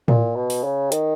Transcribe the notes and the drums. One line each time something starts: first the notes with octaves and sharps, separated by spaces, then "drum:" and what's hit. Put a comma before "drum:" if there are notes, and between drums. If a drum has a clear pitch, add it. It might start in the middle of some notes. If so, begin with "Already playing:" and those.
A#2, drum: tom A2
B2
drum: open hi-hat
C#3
D#3, drum: hi-hat